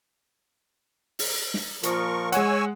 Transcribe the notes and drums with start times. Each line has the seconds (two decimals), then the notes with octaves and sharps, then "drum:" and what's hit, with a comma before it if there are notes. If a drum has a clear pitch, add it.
1.19 drum: open hi-hat
1.54 drum: snare
1.83 A#2 F3 A#4 C#6, drum: hi-hat
2.32 G#3 C#5 F#5 G#5 E6, drum: hi-hat